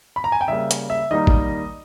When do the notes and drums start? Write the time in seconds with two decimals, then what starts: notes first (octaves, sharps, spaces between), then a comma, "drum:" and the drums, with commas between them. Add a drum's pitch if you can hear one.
0.16 B5
0.24 A#5
0.32 G#5
0.41 G5
0.48 C#3 G3 A#3 E5
0.71 drum: hi-hat
0.90 E5
1.11 D#3 G3 A#3 D#4 D#5
1.27 drum: kick